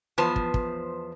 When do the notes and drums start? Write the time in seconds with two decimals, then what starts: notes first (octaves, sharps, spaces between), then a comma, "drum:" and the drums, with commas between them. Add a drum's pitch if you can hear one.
0.18 E2 F3 B3 C5 A5
0.36 drum: kick
0.54 drum: kick